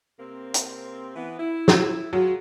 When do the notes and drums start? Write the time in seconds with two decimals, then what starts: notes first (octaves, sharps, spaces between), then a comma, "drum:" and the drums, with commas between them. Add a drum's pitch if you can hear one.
0.19 C3 A#3 C4
0.54 drum: hi-hat
1.16 E3 B3
1.39 E4
1.68 drum: snare
2.13 F#3 F4 G#4